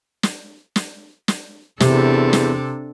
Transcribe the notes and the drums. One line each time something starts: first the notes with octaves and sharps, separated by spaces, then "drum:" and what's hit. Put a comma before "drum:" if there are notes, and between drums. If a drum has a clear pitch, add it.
drum: snare
drum: snare
drum: snare
E2 C3 C4 D4 A4, drum: snare
drum: snare